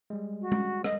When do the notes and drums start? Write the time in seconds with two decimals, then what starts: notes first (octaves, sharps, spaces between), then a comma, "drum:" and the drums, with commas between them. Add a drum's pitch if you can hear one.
0.10 G3 G#3
0.41 F#4
0.52 drum: tom
0.84 D#5, drum: rim click